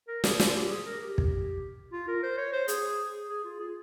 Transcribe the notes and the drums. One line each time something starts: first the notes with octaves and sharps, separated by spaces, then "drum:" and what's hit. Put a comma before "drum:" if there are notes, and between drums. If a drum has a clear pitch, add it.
A#4
G#4, drum: snare
F4, drum: snare
G4
G#4
A#4
G4
drum: kick
F4
A#4
C5
C#5
C5
G#4, drum: hi-hat
G#4
F4
G#4